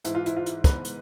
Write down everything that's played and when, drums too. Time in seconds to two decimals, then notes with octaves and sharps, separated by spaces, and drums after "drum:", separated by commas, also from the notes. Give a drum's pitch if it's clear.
0.04 G#2 E3 E4, drum: hi-hat
0.15 F4
0.26 E4, drum: hi-hat
0.36 F4
0.46 E4, drum: hi-hat
0.64 B3 B4, drum: kick, hi-hat
0.85 drum: hi-hat